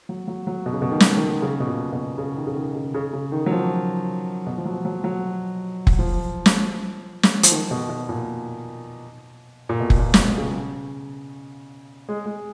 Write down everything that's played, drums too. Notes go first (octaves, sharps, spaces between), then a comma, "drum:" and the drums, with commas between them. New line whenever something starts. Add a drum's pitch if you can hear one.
F#3
F#3
F#3
B2
C#3
B2
D#3
drum: snare
D#3
D#3
C#3
B2
A#2
B2
C#3
D#3
C#3
D#3
C#3
C#3
C#3
D#3
F#3
F3
B2
F3
F#3
F#3
F#3
drum: kick F1
F3
drum: snare
drum: snare
F3, drum: hi-hat
D#3
B2
B2
A#2
A#2
B2
drum: kick F1
A#2
A#2, drum: snare
B2
C#3
G#3
G#3